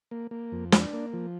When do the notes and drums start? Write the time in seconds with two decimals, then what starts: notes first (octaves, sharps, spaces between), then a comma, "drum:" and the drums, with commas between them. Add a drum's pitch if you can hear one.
0.11 A#3
0.31 A#3
0.52 F2
0.72 D4, drum: snare
0.93 A#3
1.13 F3